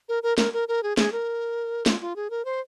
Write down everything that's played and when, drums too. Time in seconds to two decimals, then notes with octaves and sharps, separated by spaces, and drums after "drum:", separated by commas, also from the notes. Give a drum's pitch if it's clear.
0.09 A#4
0.23 A#4
0.38 A#4, drum: snare
0.53 A#4
0.68 A#4
0.83 G#4
0.97 G#4, drum: snare
1.12 A#4
1.86 F4, drum: snare
2.01 F4
2.16 G#4
2.30 A#4
2.45 C5